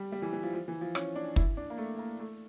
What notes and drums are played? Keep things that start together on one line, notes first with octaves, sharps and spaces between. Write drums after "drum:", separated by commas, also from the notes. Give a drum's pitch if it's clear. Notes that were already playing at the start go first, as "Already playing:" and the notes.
Already playing: G3
G3
E3
E3
F3
F3
E3
F3
C#4, drum: rim click
D4
E4, drum: kick
D4
A#3
A3
A#3
A3